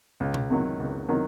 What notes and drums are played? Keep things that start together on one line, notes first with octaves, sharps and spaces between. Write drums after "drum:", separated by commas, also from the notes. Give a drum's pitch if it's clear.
C#2
drum: tom B2
C3 D#3 F#3
C#2
C3 D#3 F#3